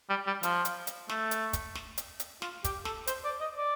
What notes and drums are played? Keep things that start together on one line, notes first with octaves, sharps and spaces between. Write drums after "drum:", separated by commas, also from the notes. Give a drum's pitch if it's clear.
G3
G3
F3, drum: hi-hat
drum: hi-hat
drum: hi-hat
A3, drum: snare
drum: hi-hat
drum: kick, hi-hat
drum: snare
drum: hi-hat
drum: hi-hat
F4, drum: snare
G4, drum: kick, hi-hat
A4, drum: snare
C5, drum: hi-hat
D5
D#5
D5